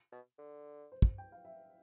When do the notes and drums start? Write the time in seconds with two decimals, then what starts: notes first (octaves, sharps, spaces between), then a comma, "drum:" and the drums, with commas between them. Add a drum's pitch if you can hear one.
0.12 B2
0.38 D3
0.92 C5
1.02 drum: kick
1.18 G5
1.32 F5
1.45 E5